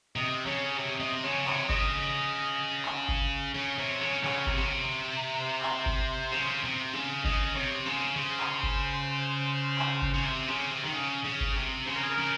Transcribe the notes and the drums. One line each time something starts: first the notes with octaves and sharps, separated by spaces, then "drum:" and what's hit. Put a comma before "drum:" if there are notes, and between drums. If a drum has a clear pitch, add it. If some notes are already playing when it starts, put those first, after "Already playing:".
C3 D#5
C#3 C#5
C3 C#5
C3 D#5
C#3 C#5
C3 C#5, drum: clap
C#3 D#5, drum: kick G1
drum: clap
drum: kick G1
C#3 C#5
C3
C#3
C#3, drum: clap
C3, drum: kick G1
C#3
C3
C5
drum: clap
drum: kick G1
C#3
C3
C#3
C#3 D#5, drum: kick G1
C3 C#5
C#3 C5
C#3 C5
drum: clap
drum: kick G1
drum: clap
drum: kick G1
C#3
C3
C#3
C3
D#3
C#3
C#3
drum: kick G1
C3
C#3 C5
A#4
G#4
A#4
C#3